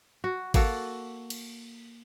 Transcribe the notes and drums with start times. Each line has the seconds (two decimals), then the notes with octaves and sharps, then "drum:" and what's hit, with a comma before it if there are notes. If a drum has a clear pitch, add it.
0.24 F#4
0.54 A#3 F#4 A4, drum: kick G#1, cymbal
1.30 drum: cymbal